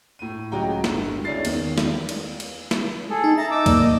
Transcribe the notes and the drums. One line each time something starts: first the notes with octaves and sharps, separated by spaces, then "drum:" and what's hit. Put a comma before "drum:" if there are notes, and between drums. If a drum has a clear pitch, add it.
A2 D#7
C#2 F#3 F#4 G4 G5 A#5
G1, drum: snare
C#2 C#4 D4 E4 A6 C7
E2 D#3, drum: cymbal
drum: snare
drum: cymbal
drum: cymbal
drum: snare
G#4 A4
D#4
E5 A5 A#5
D#4 D6 E6
A#3 D5, drum: kick C#2, cymbal
D#5